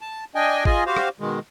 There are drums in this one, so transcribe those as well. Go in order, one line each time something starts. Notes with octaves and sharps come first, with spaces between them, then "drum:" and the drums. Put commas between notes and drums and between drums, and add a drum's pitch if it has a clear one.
A5
D4 D#5 G5 G#5
F4 G#4 D#5 G#5, drum: kick G#1
F#4 G4 C5 F5
drum: rim click
B2 D#3 G#3